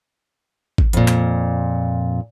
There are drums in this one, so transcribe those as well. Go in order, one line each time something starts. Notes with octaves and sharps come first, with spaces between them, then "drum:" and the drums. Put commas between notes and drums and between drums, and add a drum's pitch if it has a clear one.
drum: kick G#1
F2 A#2, drum: hi-hat
drum: clap